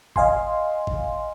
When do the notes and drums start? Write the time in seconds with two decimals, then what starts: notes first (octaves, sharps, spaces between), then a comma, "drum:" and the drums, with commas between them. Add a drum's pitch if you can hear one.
0.16 D#5 F5 G#5 C6, drum: kick G#1
0.87 drum: kick G#1